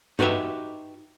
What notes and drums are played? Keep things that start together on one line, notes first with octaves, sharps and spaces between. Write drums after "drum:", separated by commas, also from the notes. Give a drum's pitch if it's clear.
D#4 F#4 G4 B4 D#5 E5, drum: tom G2